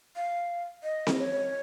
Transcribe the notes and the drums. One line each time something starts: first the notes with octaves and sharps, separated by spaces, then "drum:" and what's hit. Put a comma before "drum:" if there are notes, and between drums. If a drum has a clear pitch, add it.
F5
D#5
drum: snare C4
C#5